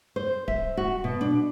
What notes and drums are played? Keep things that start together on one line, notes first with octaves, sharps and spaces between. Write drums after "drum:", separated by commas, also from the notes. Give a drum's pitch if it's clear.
C5
E5, drum: kick D1
F#4
B2
D4